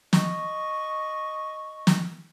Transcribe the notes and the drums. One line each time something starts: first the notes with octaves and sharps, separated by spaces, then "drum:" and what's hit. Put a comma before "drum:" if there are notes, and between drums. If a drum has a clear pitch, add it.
D#5 C#6, drum: snare
drum: snare